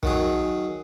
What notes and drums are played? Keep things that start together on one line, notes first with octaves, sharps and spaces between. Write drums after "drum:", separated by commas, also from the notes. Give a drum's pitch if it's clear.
D#3 F#3 G#4, drum: kick